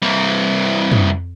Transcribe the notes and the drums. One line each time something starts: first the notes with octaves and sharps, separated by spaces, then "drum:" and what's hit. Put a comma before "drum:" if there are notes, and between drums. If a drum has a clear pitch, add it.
C2 E3
drum: tom